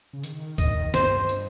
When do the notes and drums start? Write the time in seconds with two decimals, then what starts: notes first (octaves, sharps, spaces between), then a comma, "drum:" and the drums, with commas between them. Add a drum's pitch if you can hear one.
0.13 C#3
0.23 D#3, drum: tambourine
0.58 D#5, drum: kick, tambourine
0.94 G2 C5, drum: snare
1.29 drum: tambourine